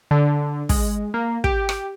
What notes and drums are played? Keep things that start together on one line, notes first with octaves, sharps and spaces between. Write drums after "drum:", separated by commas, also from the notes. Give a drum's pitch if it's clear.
D3
G#3, drum: kick, open hi-hat
A#3
G4, drum: kick
drum: rim click